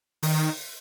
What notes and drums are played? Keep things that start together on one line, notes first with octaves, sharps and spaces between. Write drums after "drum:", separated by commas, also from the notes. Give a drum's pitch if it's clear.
D#3, drum: open hi-hat